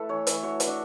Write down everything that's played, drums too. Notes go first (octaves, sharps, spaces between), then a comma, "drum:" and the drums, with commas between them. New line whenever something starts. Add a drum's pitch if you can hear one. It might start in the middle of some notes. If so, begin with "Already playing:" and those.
Already playing: A3 E4 A4 B4
E3 C#5
E3, drum: hi-hat
F#4 C#5
F#4, drum: hi-hat
D4